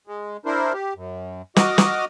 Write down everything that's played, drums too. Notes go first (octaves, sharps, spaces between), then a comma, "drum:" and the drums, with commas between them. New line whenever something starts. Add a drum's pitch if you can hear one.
G#3
D4 E4 A#4 C5
G4
F#2
F#4 D#5 D6 D#6 F6, drum: snare
drum: snare